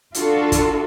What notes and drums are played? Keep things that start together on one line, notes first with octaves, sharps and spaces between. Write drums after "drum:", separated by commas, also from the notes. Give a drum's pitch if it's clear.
D4 F4 F#4 A4, drum: hi-hat
drum: kick, hi-hat